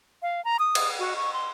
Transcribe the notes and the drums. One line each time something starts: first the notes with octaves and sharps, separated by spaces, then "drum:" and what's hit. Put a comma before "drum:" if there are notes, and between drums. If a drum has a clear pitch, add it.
F5
A#5
D#6
drum: cymbal
F#4
C#6
C6